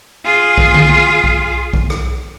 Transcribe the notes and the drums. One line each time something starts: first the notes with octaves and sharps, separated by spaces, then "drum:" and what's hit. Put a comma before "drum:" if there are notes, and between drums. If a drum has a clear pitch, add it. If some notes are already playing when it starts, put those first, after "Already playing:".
F4 G#4
drum: kick B1
drum: tom D3
drum: kick B1
drum: kick B1
drum: rim click